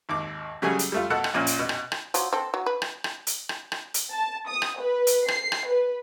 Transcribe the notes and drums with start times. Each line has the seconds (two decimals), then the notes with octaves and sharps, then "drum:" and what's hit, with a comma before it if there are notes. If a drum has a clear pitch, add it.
0.09 G#1 D#2 D6
0.62 C#3 F#3 G3 A3 G#4 G#5
0.79 drum: hi-hat
0.92 G3 A3 F4
1.10 B2 A4 F#5 A5
1.24 drum: rim click
1.34 A#1 A#2 C#4 F6
1.47 drum: hi-hat
1.59 B2
1.69 drum: rim click
1.92 drum: rim click
2.14 F3 F#3, drum: hi-hat
2.33 C4 A4
2.54 F#3
2.66 B4
2.82 drum: rim click
3.04 drum: rim click
3.27 drum: hi-hat
3.49 drum: rim click
3.72 drum: rim click
3.94 drum: hi-hat
4.13 A5
4.48 D#6
4.62 drum: rim click
4.80 B4
5.07 drum: hi-hat
5.28 C7, drum: rim click
5.52 drum: rim click
5.68 B4